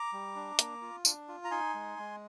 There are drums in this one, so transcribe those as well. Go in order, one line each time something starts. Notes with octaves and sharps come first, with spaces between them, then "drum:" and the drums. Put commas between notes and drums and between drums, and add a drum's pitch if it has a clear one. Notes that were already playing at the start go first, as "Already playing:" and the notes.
Already playing: A#5 D6
G3
D4
A#3, drum: hi-hat
F4
D4, drum: tambourine
F4
A#5
D#4 G#5 C6
G#3
G#3